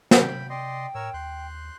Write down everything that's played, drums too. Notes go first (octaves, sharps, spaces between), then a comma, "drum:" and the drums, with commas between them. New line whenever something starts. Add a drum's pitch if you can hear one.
drum: snare
C3 G5 B5
D5 D#5 G5 C6
A2 A#4 C#5 E6
D#2 C6 F#6 G6